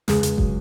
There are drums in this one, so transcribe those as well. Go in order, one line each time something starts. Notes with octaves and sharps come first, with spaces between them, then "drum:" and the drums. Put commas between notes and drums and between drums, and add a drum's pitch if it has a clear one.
C#2 G#3 G#4, drum: snare
C#2, drum: hi-hat
F#3, drum: kick